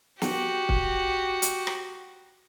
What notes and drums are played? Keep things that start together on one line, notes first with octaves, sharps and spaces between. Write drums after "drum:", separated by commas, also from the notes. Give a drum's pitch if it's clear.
F#4 G4, drum: snare
drum: kick
drum: hi-hat
drum: rim click